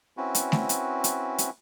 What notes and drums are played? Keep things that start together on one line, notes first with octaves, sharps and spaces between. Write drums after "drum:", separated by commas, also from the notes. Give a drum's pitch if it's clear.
C4 C#4 E4 F#4 B4
drum: hi-hat
drum: snare A3
drum: hi-hat
drum: hi-hat
drum: hi-hat